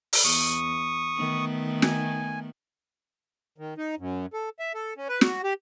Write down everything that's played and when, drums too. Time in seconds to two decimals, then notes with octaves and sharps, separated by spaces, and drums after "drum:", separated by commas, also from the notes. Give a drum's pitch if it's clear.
0.13 drum: open hi-hat
0.24 E2 C#6 D#6
1.16 D#3 A3 B3
1.82 G#5, drum: snare
3.58 D#3
3.78 D#4
3.99 F#2
4.33 A4
4.60 E5
4.74 A4
4.97 C#4
5.09 B4
5.21 F#4, drum: snare
5.44 G4